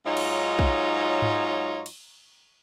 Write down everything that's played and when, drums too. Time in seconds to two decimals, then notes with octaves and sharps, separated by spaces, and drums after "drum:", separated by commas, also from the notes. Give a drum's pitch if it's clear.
0.06 G#2 F#3 D#4 F4 C#5
0.17 drum: cymbal
0.59 drum: kick
1.22 drum: tom G#2
1.86 drum: cymbal